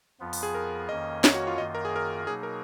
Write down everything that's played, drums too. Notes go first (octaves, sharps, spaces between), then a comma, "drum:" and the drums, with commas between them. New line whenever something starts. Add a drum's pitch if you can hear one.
F2 F3 B3 F4
drum: open hi-hat
G#4
A#4
F2 D#3 A#3 C#4 D#5
C#5, drum: snare
F#4
F4
F#2 D#3 A#3 F4 D#5
A#4
G#4
A#4
B2 F#3 A#3 D#4 G#4
A#4